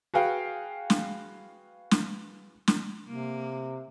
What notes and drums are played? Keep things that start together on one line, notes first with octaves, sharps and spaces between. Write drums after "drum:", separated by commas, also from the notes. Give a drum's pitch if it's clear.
F#4 G#4 B4 F5 G5
drum: snare
drum: snare
drum: snare
C3 A#3